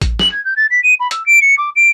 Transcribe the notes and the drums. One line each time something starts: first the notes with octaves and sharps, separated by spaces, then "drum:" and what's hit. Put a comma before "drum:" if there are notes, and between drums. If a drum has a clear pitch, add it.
drum: kick A1, hi-hat
F#7, drum: snare
G#6
G6
A6
B6
D#7
B5
E6, drum: hi-hat
D7
C#7
D6
D7